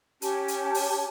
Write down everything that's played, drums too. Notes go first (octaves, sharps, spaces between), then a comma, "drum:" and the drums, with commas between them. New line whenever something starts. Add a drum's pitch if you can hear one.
C#4 G4 C#5 A5, drum: hi-hat
drum: hi-hat
drum: open hi-hat